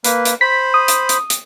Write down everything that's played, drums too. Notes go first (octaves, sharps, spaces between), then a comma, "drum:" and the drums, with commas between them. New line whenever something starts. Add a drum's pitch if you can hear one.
A#3 B4, drum: hi-hat
drum: hi-hat
C5 B5 B6
D#6
drum: hi-hat
drum: hi-hat
drum: hi-hat